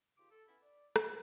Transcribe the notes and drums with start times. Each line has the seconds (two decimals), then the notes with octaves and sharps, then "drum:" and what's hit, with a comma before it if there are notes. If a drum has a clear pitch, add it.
0.17 D#2 C#3 F4 G4 D6
0.30 A4
0.47 B3 C#4 E4
0.62 D5
0.96 D4 F4 B4 C#5 E5, drum: rim click